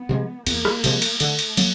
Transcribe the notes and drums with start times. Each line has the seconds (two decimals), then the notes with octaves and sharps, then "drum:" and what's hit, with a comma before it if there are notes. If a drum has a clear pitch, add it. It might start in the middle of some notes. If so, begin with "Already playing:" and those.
Already playing: B3
0.09 C3 F3 G#3
0.47 E2 A#3, drum: cymbal
0.65 drum: rim click
0.84 C3 F3 G#3, drum: cymbal
1.02 drum: cymbal
1.20 D3 A3, drum: cymbal
1.39 drum: cymbal
1.57 F#3 A#3, drum: cymbal